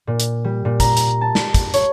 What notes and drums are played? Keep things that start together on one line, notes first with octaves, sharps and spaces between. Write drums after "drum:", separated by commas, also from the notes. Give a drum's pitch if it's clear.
A#2
drum: hi-hat
G3
A#2
A#5, drum: kick, hi-hat
drum: hi-hat
A5
drum: snare
drum: kick, hi-hat
C#5, drum: hi-hat